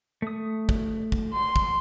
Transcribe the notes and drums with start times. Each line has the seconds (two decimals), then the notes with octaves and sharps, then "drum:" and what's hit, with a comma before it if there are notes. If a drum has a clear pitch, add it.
0.22 A3 D#6
0.69 drum: kick
1.12 drum: kick
1.34 C6
1.56 drum: kick